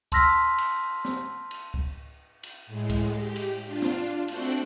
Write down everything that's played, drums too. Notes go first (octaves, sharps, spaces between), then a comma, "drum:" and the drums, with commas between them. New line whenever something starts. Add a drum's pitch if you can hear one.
A5 C6 E6 F6 A#6 B6, drum: kick C#2, cymbal
drum: cymbal
drum: snare
drum: cymbal
drum: kick C#2
drum: cymbal
A2 G#3
drum: kick C#2, cymbal
G4
drum: cymbal
D4 F4
drum: snare
A3 C4 D4 F#4 F#5 G5, drum: cymbal